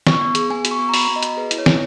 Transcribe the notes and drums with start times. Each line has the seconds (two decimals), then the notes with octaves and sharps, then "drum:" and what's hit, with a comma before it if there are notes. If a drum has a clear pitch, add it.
0.07 B3 C#6, drum: snare
0.21 B3
0.35 G#4, drum: hi-hat
0.50 B3 G#5
0.65 F#4, drum: hi-hat
0.71 C#6
0.79 B3
0.89 A#5
0.94 F#4 B5, drum: open hi-hat
1.04 B3 A#5
1.16 D#5
1.23 F#4, drum: hi-hat
1.37 G#4 B4
1.51 E4, drum: hi-hat
1.58 C#5
1.66 E4, drum: snare